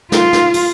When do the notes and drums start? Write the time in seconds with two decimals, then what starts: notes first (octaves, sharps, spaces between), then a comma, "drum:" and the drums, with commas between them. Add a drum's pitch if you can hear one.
0.12 F4, drum: snare
0.33 drum: snare
0.54 drum: open hi-hat